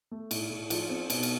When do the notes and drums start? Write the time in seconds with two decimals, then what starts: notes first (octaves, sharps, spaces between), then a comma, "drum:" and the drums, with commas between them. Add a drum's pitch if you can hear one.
0.11 A3
0.31 A2, drum: cymbal
0.50 A2
0.70 F3, drum: cymbal
0.90 C4
1.10 B2, drum: cymbal
1.23 drum: cymbal